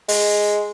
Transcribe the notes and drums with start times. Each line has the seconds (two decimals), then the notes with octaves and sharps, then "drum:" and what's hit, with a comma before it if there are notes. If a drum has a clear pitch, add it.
0.08 G#3, drum: open hi-hat